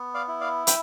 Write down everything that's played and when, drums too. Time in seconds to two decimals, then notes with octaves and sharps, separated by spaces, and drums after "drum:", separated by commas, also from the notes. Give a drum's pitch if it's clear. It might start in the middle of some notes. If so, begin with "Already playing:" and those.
Already playing: B3
0.14 D5 F5
0.28 E4
0.41 D5 F5
0.67 G5 B5, drum: hi-hat